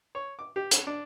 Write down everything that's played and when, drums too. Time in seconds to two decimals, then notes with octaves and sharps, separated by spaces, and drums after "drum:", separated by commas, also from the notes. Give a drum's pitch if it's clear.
0.15 C#5
0.39 D6
0.56 G4
0.71 C#4, drum: hi-hat
0.87 D4